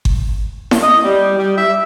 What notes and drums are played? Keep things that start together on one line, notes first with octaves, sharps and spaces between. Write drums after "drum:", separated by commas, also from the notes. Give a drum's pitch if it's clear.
drum: kick G1
drum: snare E4
D#5
G3
G3
E5